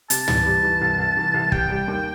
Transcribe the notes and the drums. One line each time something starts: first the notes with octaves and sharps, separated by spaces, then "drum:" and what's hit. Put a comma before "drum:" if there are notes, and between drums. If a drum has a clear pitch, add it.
C3 A5, drum: hi-hat
E3, drum: tom
G3
E3
C2
C2
E3
C2
G3 G5, drum: kick
G3
D#2